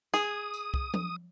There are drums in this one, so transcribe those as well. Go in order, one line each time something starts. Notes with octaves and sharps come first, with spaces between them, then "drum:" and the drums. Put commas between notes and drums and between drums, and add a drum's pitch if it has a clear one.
G#4 D#6, drum: snare
drum: tambourine
drum: kick C2
drum: tom F3